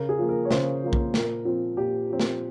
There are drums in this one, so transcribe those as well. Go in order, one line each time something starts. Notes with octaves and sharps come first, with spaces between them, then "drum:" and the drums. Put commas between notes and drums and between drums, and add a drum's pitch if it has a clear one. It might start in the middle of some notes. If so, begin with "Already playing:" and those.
Already playing: C#3 A#4
G#4
F3 A#3
A#4
C#5
C#3 C5, drum: snare
F3 A#3
drum: kick
A#2 A#4, drum: snare
F3 C4
A#2 G4
F3 C4
drum: snare